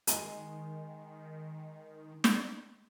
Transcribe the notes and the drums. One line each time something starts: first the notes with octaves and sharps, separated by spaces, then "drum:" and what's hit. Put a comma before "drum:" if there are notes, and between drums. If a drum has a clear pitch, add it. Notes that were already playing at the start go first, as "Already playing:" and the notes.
D#3 G#3, drum: hi-hat
drum: snare